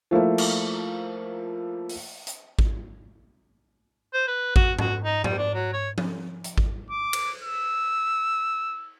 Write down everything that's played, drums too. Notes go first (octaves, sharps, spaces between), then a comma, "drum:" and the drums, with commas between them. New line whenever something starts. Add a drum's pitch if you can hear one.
F3 A3 A#3 E4
drum: cymbal
drum: open hi-hat
drum: hi-hat
drum: kick G#1
C5
B4
F#4, drum: kick G#1
F#4, drum: tom G#2
D#4
G3, drum: tom G#2
D4
F#3
C#5
drum: tom
drum: hi-hat
drum: kick G#1
D6
drum: cymbal
E6